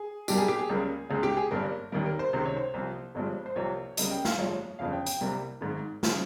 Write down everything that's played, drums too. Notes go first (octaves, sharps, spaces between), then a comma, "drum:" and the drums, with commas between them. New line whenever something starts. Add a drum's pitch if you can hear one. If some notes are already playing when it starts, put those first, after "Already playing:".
Already playing: G#4
G2 G3 A#3 G4, drum: tambourine
G#4
G4
G#4
C#2 C#3 G3 A#3
C#2 C#3 G#3
G4
G#4
G1 G2 G3 A#3 A#4
D#2 D#3 G3 A#3 A#4
A#4
C5
C#2 C3 D#3 C5
C#5
C5
C2 A#2 F3
G1 G2 F3 G#3
C5
C2 C3 F3 A#3 C#5
C#2 C#3 G3 A#3 D#5, drum: hi-hat
G5
F5, drum: snare
G1 G2 F3 G#3 C#5
G1 F2 C#3 F5
G5
G5, drum: hi-hat
C2 C3 G3 A#3
G#1 G#2 D#3
C#3 F3, drum: snare